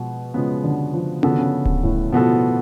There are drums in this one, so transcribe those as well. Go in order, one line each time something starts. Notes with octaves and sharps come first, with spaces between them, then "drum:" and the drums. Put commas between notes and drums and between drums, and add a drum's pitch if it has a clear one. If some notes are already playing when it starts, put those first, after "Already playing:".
Already playing: B2 F3 G#3 B3
C#3 F3 G#3 B3
D3
F3
C#3 F3 B3 F#4 A4, drum: tom C#4
D3
C#3
drum: kick D1
A2
B2 F3 B3 F#4 A4